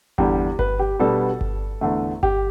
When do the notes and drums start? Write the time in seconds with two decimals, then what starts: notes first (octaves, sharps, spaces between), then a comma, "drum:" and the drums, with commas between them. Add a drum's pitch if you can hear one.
0.18 E2 D3 G3 G4, drum: kick G1
0.59 B4, drum: kick G1
0.79 G4
1.00 B2 G3 B3 D4 A4
1.41 drum: kick G1
1.81 E2 D3 A3
2.23 G4, drum: kick G1